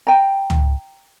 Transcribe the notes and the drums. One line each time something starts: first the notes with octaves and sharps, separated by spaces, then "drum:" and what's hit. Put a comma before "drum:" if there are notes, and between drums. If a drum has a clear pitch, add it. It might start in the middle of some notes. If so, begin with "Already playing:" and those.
G5 A#5
drum: tom C#2